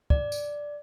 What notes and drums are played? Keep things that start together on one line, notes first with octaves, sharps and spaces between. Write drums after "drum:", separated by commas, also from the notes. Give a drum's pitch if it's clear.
D5, drum: kick
drum: tambourine